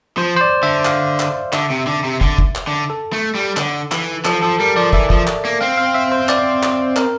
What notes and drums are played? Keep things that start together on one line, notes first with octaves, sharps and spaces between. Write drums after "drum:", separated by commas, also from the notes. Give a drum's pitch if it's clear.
F3 C5
C5
D5
D3 E5
F5, drum: clap
drum: clap
D3 E5, drum: clap
C3
D3
C3
D3, drum: kick
drum: kick
drum: clap
D3
A4
A3
G3
D3, drum: clap
E3, drum: clap
F3 A4, drum: clap
F3 A4
G3 A#4
F3 D5
E3 E5, drum: kick
F3, drum: kick
drum: clap
A#3
C4 F5
F5
E5
C5
D5, drum: clap
drum: clap
A#4, drum: clap